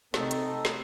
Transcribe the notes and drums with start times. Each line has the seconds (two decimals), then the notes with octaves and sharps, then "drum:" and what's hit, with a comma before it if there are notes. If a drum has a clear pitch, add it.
0.14 C3 A3 C4 D#4 A4, drum: snare
0.31 drum: hi-hat
0.65 drum: snare